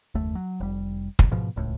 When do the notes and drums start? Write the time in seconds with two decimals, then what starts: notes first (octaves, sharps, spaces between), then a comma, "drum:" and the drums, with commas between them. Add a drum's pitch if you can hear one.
0.15 F#1 D#2 A3
0.35 F#3
0.60 F1 G3
1.19 drum: kick
1.31 G#2 B2 F3
1.56 D#1 C#2 A2